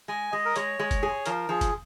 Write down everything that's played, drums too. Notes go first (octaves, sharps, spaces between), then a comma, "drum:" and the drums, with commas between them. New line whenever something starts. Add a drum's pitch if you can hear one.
G#3 G#5
G#3 D#5
A#4
G#3 C#5, drum: hi-hat
G#3
drum: kick, hi-hat
G#4
F3 A#4, drum: hi-hat
F3 G#4
drum: kick, hi-hat